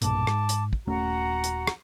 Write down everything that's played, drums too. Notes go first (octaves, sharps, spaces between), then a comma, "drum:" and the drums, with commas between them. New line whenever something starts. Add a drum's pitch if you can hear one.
B1 G2 A#2 A5 D6, drum: hi-hat
G#2, drum: rim click
drum: hi-hat
drum: kick
D#1 A3 C#4 F#4 F#5 A#5
drum: hi-hat
drum: rim click